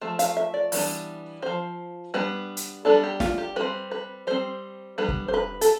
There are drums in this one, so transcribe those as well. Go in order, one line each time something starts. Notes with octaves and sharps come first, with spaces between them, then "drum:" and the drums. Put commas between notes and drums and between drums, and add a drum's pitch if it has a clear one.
F3 A3
F5, drum: hi-hat
E5
D5
E3 G3 B3 D4, drum: open hi-hat
F3 C4 C5
G3 B3 D4 B4
drum: hi-hat
G3 B3 D4 A4
G4
F4, drum: snare
G4
G3 C4 B4
B4
G3 C4 C5
G3 B3 D4 B4
drum: kick
C5
B4
A4, drum: hi-hat